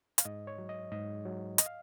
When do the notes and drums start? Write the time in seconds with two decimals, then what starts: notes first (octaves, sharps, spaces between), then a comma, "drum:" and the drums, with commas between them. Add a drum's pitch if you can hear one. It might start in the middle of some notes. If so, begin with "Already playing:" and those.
0.18 F5, drum: hi-hat
0.25 G#2 D#5
0.47 C#5
0.58 F#3
0.69 D#5
0.92 G#2 D#5
1.25 F#3
1.58 D#5, drum: hi-hat
1.66 F5